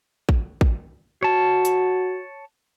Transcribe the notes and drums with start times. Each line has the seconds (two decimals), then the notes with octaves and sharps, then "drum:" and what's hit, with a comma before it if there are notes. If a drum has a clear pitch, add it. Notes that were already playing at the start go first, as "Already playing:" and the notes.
0.29 drum: kick
0.61 drum: kick
1.23 F#4 C#5 A5
1.65 drum: hi-hat